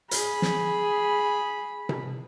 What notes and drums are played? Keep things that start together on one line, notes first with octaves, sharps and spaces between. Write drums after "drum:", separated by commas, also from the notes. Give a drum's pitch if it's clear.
G#4 B5, drum: hi-hat
drum: snare
drum: tom C3